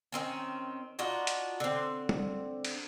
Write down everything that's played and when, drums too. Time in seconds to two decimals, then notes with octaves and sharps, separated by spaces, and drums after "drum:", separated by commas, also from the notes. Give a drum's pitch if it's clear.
0.12 D#3 C4 C#4
0.99 D4 D#4 F4 F#4
1.27 drum: hi-hat
1.60 D3 C4
2.09 drum: tom
2.65 drum: cymbal